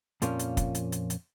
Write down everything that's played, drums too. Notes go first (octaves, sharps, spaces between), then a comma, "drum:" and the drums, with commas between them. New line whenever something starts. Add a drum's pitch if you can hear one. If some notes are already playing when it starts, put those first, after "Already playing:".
F2 A#2 F3 A#3 C#4, drum: hi-hat
drum: hi-hat
drum: kick, hi-hat
drum: hi-hat
drum: hi-hat
drum: hi-hat